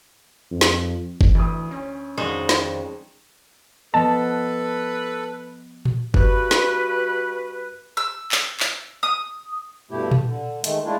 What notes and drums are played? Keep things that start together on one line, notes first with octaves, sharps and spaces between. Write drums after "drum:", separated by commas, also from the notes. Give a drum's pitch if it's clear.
F2
drum: snare
drum: kick G1
D2 E3 D#6
C#4
F2 D#3 G#3 D4 D#4 F#4
drum: snare
F3 B3 A4 B4 D#5 A5
drum: tom A#2
G2 F#4 B4, drum: kick G1
drum: snare
E6
drum: clap
drum: clap
D#6
G2 B2 A3 E4 G4
drum: tom A#2
D3
D#3 G#3 A3, drum: hi-hat
G#3 A3 D4 E4 F4